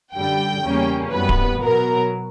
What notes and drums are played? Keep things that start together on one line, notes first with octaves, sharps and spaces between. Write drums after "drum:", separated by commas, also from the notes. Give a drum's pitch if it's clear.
F#2 D3 G3 G5
E2 C#3 G3 A#3 C#4
F#2 E3 G3 B3 B4
drum: kick D1
B2 F#3 B3 A#4